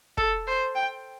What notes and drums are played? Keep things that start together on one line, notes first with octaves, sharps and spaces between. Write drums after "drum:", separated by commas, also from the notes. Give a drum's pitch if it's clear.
A4, drum: kick
C5
G5